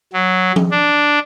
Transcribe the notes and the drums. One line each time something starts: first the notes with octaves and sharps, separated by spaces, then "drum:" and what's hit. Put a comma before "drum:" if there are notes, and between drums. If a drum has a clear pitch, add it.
F#3
drum: tom F3
D4